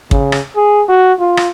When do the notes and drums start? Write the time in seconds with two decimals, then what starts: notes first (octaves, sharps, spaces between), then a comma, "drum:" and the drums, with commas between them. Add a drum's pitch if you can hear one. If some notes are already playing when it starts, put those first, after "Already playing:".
0.11 C#3, drum: kick
0.32 drum: rim click
0.56 G#4
0.88 F#4
1.20 F4
1.37 drum: rim click